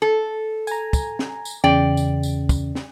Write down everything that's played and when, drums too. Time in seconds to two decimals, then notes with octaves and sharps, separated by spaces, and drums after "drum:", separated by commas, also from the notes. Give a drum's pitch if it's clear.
0.02 A4
0.67 G#5 A#5, drum: tambourine
0.93 drum: kick, tambourine
1.19 drum: snare
1.45 drum: tambourine
1.64 E2 C#3 D5 G5
1.97 drum: tambourine
2.23 drum: tambourine
2.49 drum: kick, tambourine
2.75 drum: snare